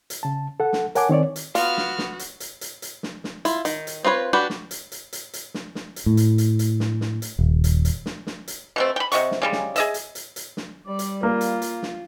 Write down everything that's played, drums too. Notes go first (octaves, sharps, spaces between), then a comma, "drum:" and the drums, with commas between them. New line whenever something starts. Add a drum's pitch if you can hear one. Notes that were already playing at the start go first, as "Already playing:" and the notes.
drum: hi-hat
C#3 A5
A4 F#5
drum: snare
A#4 C#5 F#5 G#5 A5 D6, drum: hi-hat
D#3 C4 C#5 D5
drum: hi-hat
B3 F4 F#4 F6, drum: hi-hat
drum: snare
drum: snare
drum: hi-hat
drum: hi-hat
drum: hi-hat
drum: hi-hat
drum: snare
drum: snare
E4 F4, drum: hi-hat
D#3, drum: hi-hat
drum: hi-hat
C4 F4 B4 C#5
D4 F#4 G4 B4
drum: snare
drum: hi-hat
drum: hi-hat
drum: hi-hat
drum: hi-hat
drum: snare
drum: snare
drum: hi-hat
A2
drum: hi-hat
drum: hi-hat
drum: hi-hat
drum: snare
drum: snare
drum: hi-hat
D#1
drum: hi-hat
drum: hi-hat
drum: snare
drum: snare
drum: hi-hat
B2 A3 C4
G5 B5
C3 D#5 F#5 C#6, drum: hi-hat
drum: snare
C#3 G3 G#3
drum: snare
G#4 D#5 E5, drum: hi-hat
drum: hi-hat
drum: hi-hat
drum: hi-hat
drum: snare
G3 D5
drum: hi-hat
A#3 F4
drum: hi-hat
drum: hi-hat
drum: snare